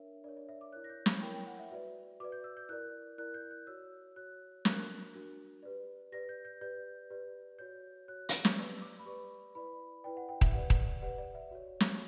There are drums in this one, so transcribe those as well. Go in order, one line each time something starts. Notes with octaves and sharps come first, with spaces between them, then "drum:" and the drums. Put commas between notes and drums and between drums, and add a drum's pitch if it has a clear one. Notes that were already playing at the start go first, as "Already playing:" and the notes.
Already playing: D4 A#4 C#5 E5
D4 A#4 C#5 D5
D5
E5
D6
E4 A#4 C#5 F#6
A#6
G6
B5, drum: snare
E4 A#4 C#5 G5
G5
F#5
E5
F#4 B4 D5 E5
F#4 B4 D5 D6
G6
E6
G6
E4 A#4 D5 F#6
E4 A#4 D5 F#6
G6
F#6
F#4 C#5 E6
F#4 C#5 F#6
D4 F#4 A#4 F#6, drum: snare
D4 F#4 A#4
G4 B4 D5
G4 B4 D5 A#6
G6
G6
G4 B4 D5 G6
G4 B4 D5
F#4 C#5 G6
F#4 C#5 F#6
drum: hi-hat
drum: snare
G4 B4 D5 E6
D6
B5
G4 B4 D5 C#6
E4 B4 D5 B5
E4 B4 D5 G5
F#5
G5
E5, drum: kick D#1
G4 B4 D5 F#5
drum: kick D#1
G4 B4 D5 F#5
D5
E5
F#4 C#5
drum: snare